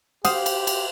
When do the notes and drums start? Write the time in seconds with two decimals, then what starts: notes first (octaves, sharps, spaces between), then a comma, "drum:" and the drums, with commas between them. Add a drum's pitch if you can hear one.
0.25 G4 C5 F5 F#5 D#6, drum: cymbal
0.46 drum: cymbal
0.67 drum: cymbal